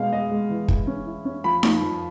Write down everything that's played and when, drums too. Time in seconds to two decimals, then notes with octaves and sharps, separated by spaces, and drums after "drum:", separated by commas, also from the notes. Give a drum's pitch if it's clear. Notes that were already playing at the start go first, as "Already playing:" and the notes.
Already playing: B2 G#3 F5
0.13 G#3 D#5
0.31 G#3
0.50 E3
0.68 E4, drum: kick
0.87 C#4
1.06 E4
1.25 C#4
1.44 F3 B5
1.63 F3, drum: snare D#4
1.82 F3